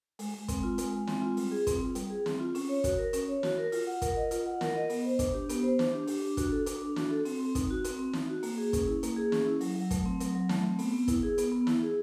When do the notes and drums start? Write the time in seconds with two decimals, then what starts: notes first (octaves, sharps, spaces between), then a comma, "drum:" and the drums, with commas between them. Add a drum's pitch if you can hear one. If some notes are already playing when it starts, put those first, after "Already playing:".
0.19 G#3, drum: open hi-hat
0.34 G#3
0.48 C4, drum: kick, hi-hat
0.63 F4
0.78 G#3, drum: hi-hat
0.93 G#3
1.07 C4, drum: snare
1.22 F4
1.37 G3, drum: open hi-hat
1.52 G#4
1.67 C4, drum: kick, hi-hat
1.81 F4
1.95 G3, drum: hi-hat
2.10 G#4
2.26 C4, drum: snare
2.40 F4
2.55 C#4, drum: open hi-hat
2.69 C#5
2.84 F#4, drum: kick, hi-hat
2.99 A#4
3.13 C#4, drum: hi-hat
3.28 C#5
3.43 F#4, drum: snare
3.58 A#4
3.72 F4, drum: open hi-hat
3.87 F#5
4.02 A#4, drum: kick, hi-hat
4.17 D#5
4.31 F4, drum: hi-hat
4.46 F#5
4.61 A#4, drum: snare
4.76 D#5
4.90 B3, drum: open hi-hat
5.05 C5
5.19 D4, drum: kick, hi-hat
5.34 G4
5.49 B3, drum: hi-hat
5.63 C5
5.79 D4, drum: snare
5.93 G4
6.07 D4, drum: open hi-hat
6.22 D4
6.37 F#4, drum: kick, hi-hat
6.52 A4
6.66 D4, drum: hi-hat
6.82 D4
6.96 F#4, drum: snare
7.11 A4
7.25 C4, drum: open hi-hat
7.40 C4
7.55 D#4, drum: kick, hi-hat
7.70 F#4
7.84 C4, drum: hi-hat
7.99 C4
8.13 D#4, drum: snare
8.29 F#4
8.43 A#3, drum: open hi-hat
8.58 G#4
8.73 C#4, drum: kick, hi-hat
8.87 E4
9.03 A#3, drum: hi-hat
9.16 G#4
9.32 C#4, drum: snare
9.47 E4
9.61 F#3, drum: open hi-hat
9.75 F#3
9.91 A3, drum: kick, hi-hat
10.06 C4
10.20 F#3, drum: hi-hat
10.35 F#3
10.49 A3, drum: snare
10.64 C4
10.79 B3, drum: open hi-hat
10.93 B3
11.08 E4, drum: kick, hi-hat
11.23 G#4
11.38 B3, drum: hi-hat
11.52 B3
11.67 E4, drum: snare
11.82 G#4